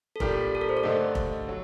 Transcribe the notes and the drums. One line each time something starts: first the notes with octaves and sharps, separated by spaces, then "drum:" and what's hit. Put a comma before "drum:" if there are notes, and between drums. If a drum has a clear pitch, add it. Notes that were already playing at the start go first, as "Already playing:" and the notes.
A4
A#2 G3 D4 G4 A#4, drum: kick F1
A4
A#4
C5
D5
G2 D3 A3 D#5
drum: kick F1
F#3